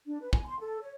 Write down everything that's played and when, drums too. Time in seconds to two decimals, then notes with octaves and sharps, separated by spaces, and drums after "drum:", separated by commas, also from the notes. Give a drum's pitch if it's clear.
0.07 D4
0.21 B4
0.33 G#5, drum: kick
0.46 C6
0.60 A4
0.82 C#5